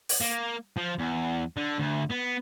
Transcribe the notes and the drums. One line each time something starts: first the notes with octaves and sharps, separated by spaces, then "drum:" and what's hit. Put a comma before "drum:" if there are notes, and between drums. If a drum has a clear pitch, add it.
drum: open hi-hat
A#3
F3
E2
D3
D2
B3